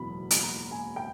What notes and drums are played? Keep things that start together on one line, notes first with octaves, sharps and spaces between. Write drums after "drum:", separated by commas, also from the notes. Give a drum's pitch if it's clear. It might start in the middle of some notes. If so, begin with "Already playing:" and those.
Already playing: F#1 E2 B2 F#3 B5
drum: hi-hat
A#5
G#5
G5